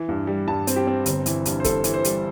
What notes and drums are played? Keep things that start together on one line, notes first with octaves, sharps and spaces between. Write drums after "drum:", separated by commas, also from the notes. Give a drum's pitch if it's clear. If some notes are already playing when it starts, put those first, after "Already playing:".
Already playing: E3
G2
G3
G2 A5
C4, drum: hi-hat
G4
C4
G1, drum: hi-hat
E3, drum: hi-hat
G2, drum: hi-hat
C5
G2 A4, drum: kick, hi-hat
E3, drum: hi-hat
C5
G3, drum: hi-hat